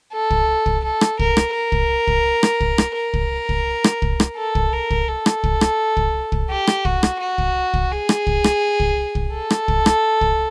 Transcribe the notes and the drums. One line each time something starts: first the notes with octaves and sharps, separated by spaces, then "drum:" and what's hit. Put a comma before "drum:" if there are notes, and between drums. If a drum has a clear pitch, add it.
A4
drum: kick
drum: kick
A4
drum: rim click
A#4, drum: kick
drum: rim click
A#4
drum: kick
drum: kick
drum: rim click
drum: kick
drum: rim click
A#4
drum: kick
drum: kick
drum: rim click
drum: kick
drum: rim click
A4
drum: kick
A#4
drum: kick
A4
drum: rim click
drum: kick
drum: rim click
drum: kick
drum: kick
G4
drum: rim click
F#4, drum: kick
drum: rim click
F#4
drum: kick
drum: kick
G#4
drum: rim click
drum: kick
drum: rim click
drum: kick
drum: kick
A4
drum: rim click
drum: kick
drum: rim click
drum: kick